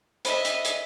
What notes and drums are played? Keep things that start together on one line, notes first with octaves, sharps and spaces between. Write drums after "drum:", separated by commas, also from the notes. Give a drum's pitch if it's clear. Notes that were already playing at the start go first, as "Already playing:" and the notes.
C5 D#5 E5 B5, drum: hi-hat
drum: hi-hat
drum: hi-hat